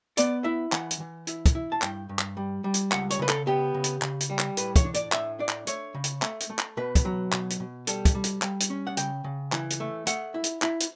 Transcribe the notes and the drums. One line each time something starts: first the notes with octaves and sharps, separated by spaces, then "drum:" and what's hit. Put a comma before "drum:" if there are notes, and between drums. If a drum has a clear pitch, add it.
B3 D5, drum: hi-hat
E4 E5
E3 F#5, drum: clap
drum: hi-hat
E3
E4, drum: hi-hat
drum: kick, hi-hat
E4
A5
G2 G5, drum: clap
G2
drum: clap
G3
G3
drum: hi-hat
C#2 F#5, drum: clap
C#5, drum: hi-hat
C#3 B4
A4, drum: clap
B3 G4
C#3
drum: hi-hat
C#3, drum: clap
drum: hi-hat
G3
drum: clap
A2 B4, drum: hi-hat
C#5, drum: kick, hi-hat
D4
D5, drum: hi-hat
A2 E5, drum: clap
D4 D5
drum: clap
A3 C#5, drum: hi-hat
C#3
drum: hi-hat
A3, drum: clap
drum: hi-hat
A3
drum: clap
B2 B4
drum: kick, hi-hat
F#3
B2, drum: clap
drum: hi-hat
B2
G3 A4, drum: hi-hat
drum: kick, hi-hat
G3
drum: hi-hat
G3, drum: clap
drum: hi-hat
C#4
F#5
C#3 G5, drum: hi-hat
C#3
E3, drum: clap
drum: hi-hat
A3
A3 F#5, drum: hi-hat
E4
drum: hi-hat
E4, drum: clap
drum: hi-hat